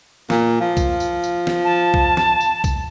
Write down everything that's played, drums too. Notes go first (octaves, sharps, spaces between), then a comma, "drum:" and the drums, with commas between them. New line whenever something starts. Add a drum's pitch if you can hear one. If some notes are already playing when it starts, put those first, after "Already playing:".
A#2, drum: snare
F3
drum: kick B1, tambourine
drum: tambourine
drum: tambourine
drum: snare
A5
drum: kick B1
drum: snare
drum: tambourine
drum: kick B1, tambourine